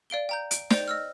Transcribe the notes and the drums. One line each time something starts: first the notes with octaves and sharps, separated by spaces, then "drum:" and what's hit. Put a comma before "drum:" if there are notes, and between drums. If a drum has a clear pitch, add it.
D5 F5 D7 G7
G5 A#5 G6
D7, drum: hi-hat
C5 D5 G5 G6 F7, drum: snare
D#5 E6 F6